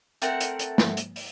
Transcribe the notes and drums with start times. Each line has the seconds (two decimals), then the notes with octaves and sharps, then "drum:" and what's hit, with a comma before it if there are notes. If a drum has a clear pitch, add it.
0.22 A3 C4 A#4 F#5, drum: hi-hat
0.40 drum: hi-hat
0.59 drum: hi-hat
0.78 drum: snare
0.97 drum: hi-hat
1.16 drum: open hi-hat